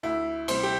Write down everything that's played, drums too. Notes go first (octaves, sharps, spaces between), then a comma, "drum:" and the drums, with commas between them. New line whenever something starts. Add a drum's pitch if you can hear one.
D2 E4
C3 G3 C5, drum: cymbal
G4